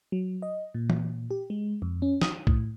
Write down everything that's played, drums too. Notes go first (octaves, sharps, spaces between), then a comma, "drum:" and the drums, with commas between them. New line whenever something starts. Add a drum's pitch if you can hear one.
F#3
D#5
A#2
A#2, drum: tom
G4
G#3
F2
C#4
D#6, drum: snare
A2, drum: kick B1